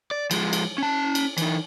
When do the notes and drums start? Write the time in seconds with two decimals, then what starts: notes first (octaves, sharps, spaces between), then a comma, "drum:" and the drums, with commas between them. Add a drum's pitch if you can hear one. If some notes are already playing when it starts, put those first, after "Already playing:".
0.11 D5
0.31 F3 G#3, drum: cymbal
0.53 drum: cymbal
0.78 C#4 A5
1.15 drum: cymbal
1.38 E3 D#4, drum: cymbal